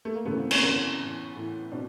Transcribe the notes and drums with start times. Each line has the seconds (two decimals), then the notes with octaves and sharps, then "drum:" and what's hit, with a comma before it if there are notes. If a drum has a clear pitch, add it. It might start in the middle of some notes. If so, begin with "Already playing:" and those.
0.05 A3
0.15 A#3
0.25 F#2 C#3 E3 A3 B3
0.37 A#3 C4
0.51 B3 C#4, drum: cymbal
0.62 F#2 C#3 E3 B3 C#4
0.99 A2 E3
1.35 A2 E3
1.72 B2 C4 D4